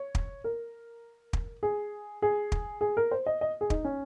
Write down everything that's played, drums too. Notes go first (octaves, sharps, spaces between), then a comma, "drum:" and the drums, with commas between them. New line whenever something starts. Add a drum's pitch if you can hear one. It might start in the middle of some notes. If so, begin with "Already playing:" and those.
Already playing: C#5
drum: kick
A#4
drum: kick
G#4
G#4
drum: kick
G#4
A#4
C5
D#5
D#5
G#4
D#4, drum: kick
C#4